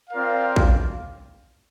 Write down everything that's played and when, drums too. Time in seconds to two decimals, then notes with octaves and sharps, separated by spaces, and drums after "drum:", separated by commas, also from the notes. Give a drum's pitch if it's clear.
0.10 C4 F4 A#4 D5 F5
0.56 drum: kick